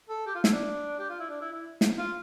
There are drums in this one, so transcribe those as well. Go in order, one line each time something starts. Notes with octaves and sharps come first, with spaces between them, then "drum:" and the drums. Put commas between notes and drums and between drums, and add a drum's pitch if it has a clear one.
A4
G4
F4
E4, drum: snare
D4
G4
F4
E4
D4
E4
E4
drum: snare
F4